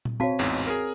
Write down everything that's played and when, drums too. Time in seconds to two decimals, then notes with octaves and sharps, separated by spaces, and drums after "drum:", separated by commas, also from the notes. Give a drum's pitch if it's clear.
0.05 drum: tom A#2
0.20 C4 F#4 C#5 F5 A5
0.39 A1 E2 G#2
0.67 G#4 A#4